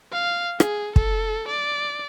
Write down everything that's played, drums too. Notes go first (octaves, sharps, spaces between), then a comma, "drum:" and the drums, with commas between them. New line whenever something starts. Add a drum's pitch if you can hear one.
F5
G#4, drum: rim click
A4, drum: kick
D5